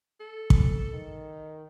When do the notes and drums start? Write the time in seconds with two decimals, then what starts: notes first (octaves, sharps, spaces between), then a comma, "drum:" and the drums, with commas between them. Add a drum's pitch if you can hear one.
0.20 A4
0.50 drum: kick
0.93 D#3